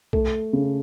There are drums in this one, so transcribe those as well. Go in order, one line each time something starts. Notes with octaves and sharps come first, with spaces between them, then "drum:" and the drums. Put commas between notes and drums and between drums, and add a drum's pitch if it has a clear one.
A3, drum: kick B1
C#3